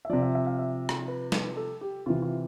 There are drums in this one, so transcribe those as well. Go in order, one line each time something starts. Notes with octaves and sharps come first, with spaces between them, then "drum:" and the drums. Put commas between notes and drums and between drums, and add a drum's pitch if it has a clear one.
E5
C3 F3 D5
E5
E5
F5
E5
drum: rim click
B4
B4, drum: snare
A4
G4
C3 E3 F4
F4